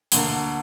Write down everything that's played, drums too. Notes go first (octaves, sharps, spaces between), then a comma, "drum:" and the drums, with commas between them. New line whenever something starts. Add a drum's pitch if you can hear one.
D2 D3 A#3, drum: hi-hat